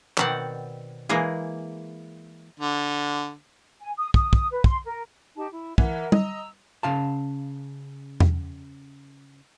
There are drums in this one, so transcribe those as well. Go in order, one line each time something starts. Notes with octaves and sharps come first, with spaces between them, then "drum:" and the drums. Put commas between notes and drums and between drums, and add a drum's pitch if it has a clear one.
B2 D#3 C4 D5 F#5, drum: clap
E3 G#3 A#3 G#4
D3
G#5
D#6
D#6, drum: kick
D#6, drum: kick
B4
C6, drum: kick
A#4
D#4 G4 A5
E4
E3 A#4 E5 F#5, drum: kick
D#5 A#5 E6, drum: tom
C#3 F5 A5
drum: tom E2